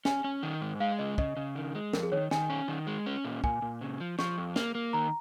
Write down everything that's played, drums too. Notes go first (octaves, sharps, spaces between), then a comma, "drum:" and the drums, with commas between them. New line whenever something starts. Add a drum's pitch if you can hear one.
C#4 G#5, drum: snare
C#4
D#3
G#2
G#3 F5
C#3 D#5
C#3 D#5, drum: kick
C#3
D#3
G#3
F2 A#4, drum: snare
G#4
D#3 C#5
D#3 G#5, drum: snare
C#4
D#3
G#3
C#4
A#2
A#2 G#5, drum: kick
A#2
C#3
F3
F3 C#6, drum: snare
F2
A#3, drum: snare
A#3
D#3 A#5